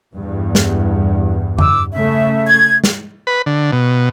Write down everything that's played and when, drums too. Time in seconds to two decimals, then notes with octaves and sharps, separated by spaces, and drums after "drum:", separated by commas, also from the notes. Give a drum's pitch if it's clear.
0.15 E2 G2
0.55 drum: snare
1.59 D6 E6, drum: tom F2
1.92 C#3 A3 E5
2.47 G#6
2.84 drum: snare
3.27 B4
3.46 D3
3.73 B2